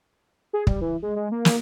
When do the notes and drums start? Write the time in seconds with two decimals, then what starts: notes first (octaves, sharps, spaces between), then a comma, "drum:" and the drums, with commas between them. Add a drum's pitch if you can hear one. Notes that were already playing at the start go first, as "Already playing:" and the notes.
0.53 G#4
0.67 G3, drum: kick
0.81 E3
1.02 G#3
1.16 G#3
1.32 A#3
1.45 drum: snare